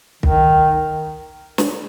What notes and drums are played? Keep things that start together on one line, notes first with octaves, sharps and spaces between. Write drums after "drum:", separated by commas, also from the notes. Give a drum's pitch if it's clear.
D#3, drum: kick
drum: snare